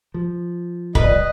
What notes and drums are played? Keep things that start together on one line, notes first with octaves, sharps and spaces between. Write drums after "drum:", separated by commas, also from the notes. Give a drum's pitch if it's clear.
F3
G3 D4 F4 B4 D#5, drum: kick